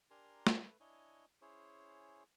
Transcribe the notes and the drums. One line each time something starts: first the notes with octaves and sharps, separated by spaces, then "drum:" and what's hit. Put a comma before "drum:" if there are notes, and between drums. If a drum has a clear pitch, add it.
D4 G4 A#4 G#5 A#5 C6
drum: snare
A3 B4
D4 E4 C#5 D#5 G#5
C#4 E4 G#4 C5 C#5